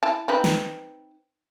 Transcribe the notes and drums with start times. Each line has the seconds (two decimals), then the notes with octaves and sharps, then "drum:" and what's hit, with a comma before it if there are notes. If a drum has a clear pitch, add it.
0.03 E4 A5
0.28 C4 D#4 B4
0.44 drum: snare